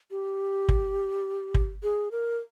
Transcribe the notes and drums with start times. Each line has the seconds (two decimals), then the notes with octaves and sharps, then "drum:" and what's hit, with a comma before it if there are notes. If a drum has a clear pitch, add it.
0.11 G4
0.69 drum: kick
1.54 drum: kick
1.83 G#4
2.12 A#4